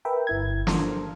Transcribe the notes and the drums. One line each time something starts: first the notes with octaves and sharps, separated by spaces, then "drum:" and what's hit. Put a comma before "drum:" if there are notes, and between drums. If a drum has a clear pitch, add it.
A#4 B4 E5 G5
G1 E4 G#6
F3 D4 A4 A#4 C5 F5, drum: snare